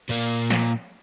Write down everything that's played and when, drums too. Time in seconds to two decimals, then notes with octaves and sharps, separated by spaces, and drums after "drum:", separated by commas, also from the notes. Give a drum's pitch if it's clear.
0.09 A#2 A#3
0.50 drum: snare